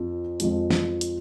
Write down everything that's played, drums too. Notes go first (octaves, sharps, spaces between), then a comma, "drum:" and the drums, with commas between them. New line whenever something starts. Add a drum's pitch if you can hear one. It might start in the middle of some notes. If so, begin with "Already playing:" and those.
Already playing: F2 F3
F2 F3 G#3, drum: hi-hat
drum: snare
drum: hi-hat